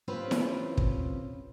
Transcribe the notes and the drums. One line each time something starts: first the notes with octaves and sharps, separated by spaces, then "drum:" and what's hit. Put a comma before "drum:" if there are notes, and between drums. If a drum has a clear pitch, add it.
C4 C#4 F4 G4 B4
drum: snare E4
drum: kick